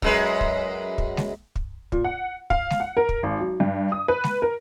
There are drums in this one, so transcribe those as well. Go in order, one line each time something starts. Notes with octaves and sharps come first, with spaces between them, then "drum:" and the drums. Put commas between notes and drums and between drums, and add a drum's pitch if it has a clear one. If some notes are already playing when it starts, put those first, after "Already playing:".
F#2 G#3 B4, drum: kick
drum: kick
drum: kick
drum: snare
drum: kick
A#2, drum: kick
F#5
F5, drum: kick
drum: snare
F#5
A#4
drum: kick
G#1
F#3
G2
D#6
B4
drum: snare
A#4